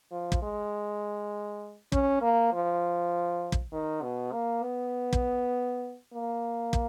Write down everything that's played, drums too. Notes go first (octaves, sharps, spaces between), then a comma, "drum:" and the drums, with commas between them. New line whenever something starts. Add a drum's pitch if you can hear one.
F3
drum: kick
G#3
C#4, drum: kick
A#3
F3
drum: kick
D#3
B2
A#3
B3
drum: kick
A#3
drum: kick